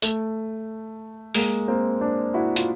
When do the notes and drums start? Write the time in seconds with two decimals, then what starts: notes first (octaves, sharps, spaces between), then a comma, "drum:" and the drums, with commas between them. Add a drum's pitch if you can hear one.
0.02 A3, drum: tambourine
1.35 G#3 A#3, drum: open hi-hat
1.68 A#3 C4
2.01 C4 D4
2.34 E4 F#4
2.56 F4, drum: hi-hat